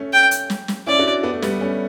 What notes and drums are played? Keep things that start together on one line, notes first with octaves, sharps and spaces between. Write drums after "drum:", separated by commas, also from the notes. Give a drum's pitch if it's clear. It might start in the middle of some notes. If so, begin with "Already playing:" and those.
Already playing: A3 C#4
G5
drum: hi-hat
drum: snare
drum: snare
C#4 E4 D5
D4 F#4
B3 D4
A3
G3 B3, drum: snare
A3 C#4